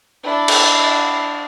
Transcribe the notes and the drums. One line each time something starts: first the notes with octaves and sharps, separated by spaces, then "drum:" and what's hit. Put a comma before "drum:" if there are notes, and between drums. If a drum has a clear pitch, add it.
D4 E4
drum: cymbal